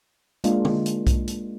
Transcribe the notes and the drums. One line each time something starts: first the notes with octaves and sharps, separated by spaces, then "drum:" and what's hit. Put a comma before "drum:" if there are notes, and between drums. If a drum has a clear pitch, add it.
G#3 A#3 D4 F4, drum: hi-hat
drum: tom
drum: hi-hat
drum: kick B1, hi-hat
drum: hi-hat